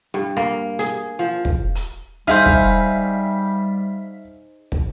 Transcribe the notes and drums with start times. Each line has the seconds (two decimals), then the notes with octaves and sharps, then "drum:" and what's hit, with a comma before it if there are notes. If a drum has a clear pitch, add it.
0.14 G2
0.37 A#3, drum: rim click
0.79 G#4, drum: hi-hat
1.19 F3
1.45 drum: kick
1.75 drum: hi-hat
2.27 G3 D#4 G#4 C5 E5 F5 F6
2.46 drum: kick
4.72 drum: kick